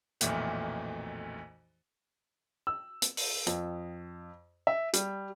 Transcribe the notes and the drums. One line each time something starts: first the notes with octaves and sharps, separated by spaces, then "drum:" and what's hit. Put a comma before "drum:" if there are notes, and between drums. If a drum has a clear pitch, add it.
B1 F2 A#2 E3 A3, drum: hi-hat
E6
drum: hi-hat
drum: open hi-hat
F2, drum: hi-hat
E5
G3, drum: hi-hat